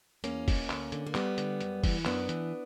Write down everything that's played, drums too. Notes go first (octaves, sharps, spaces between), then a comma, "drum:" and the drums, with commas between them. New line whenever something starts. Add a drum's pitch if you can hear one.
E2 A#3 C#4, drum: hi-hat
B2, drum: kick, open hi-hat
D2, drum: clap
D3, drum: hi-hat
A#3
G2 G3 B3, drum: clap
D3, drum: hi-hat
F#2, drum: hi-hat
E3, drum: kick, open hi-hat
F#2 B3 D4, drum: clap
E3, drum: hi-hat